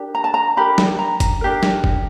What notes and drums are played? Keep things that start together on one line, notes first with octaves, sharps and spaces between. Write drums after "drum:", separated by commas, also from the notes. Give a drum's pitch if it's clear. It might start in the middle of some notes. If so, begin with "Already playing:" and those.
Already playing: D4 G4 A#4
A#5
A5
A#5
D4 G4 A#4 B5
drum: snare
A#5
drum: kick, hi-hat
D4 G4 A#4
drum: snare
drum: kick